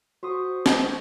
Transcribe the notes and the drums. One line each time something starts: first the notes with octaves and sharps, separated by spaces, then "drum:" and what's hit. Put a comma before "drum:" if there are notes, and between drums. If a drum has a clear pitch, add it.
F#4 C5 C#6 D#6
drum: snare